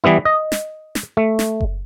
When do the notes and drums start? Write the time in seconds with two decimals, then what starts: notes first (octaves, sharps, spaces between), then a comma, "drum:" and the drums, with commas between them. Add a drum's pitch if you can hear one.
0.04 E3 G3 B3 E4
0.25 D#5
0.52 drum: snare
0.95 drum: snare
1.17 A3
1.39 drum: snare
1.61 drum: kick F#1